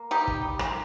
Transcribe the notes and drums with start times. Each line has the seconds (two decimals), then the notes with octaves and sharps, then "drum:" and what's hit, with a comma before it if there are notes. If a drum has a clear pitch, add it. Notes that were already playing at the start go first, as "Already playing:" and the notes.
Already playing: A#3
0.11 G3 D#4 G4
0.27 drum: kick
0.59 drum: rim click